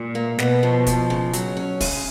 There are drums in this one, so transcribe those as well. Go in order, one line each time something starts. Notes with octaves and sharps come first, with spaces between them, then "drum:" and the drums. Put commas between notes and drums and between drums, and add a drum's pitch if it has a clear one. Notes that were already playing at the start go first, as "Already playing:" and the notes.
Already playing: A#2
A#3
B2 B3, drum: snare
F3
F3, drum: kick, hi-hat
C#3
F#3, drum: hi-hat
C#4
C#3, drum: kick, open hi-hat